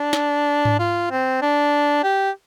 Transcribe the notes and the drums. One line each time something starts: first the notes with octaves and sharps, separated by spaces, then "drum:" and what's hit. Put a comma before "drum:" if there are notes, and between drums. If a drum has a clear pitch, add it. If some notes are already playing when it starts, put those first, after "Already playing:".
Already playing: D4
drum: snare
drum: tom G#2
F4
C4
D4
G4